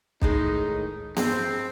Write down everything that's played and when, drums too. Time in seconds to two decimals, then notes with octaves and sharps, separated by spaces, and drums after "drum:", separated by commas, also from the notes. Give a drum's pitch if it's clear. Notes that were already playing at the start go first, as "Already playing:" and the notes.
0.22 A2 D#3 G#3 D#4, drum: kick
1.17 G2 G#3 C4, drum: snare B3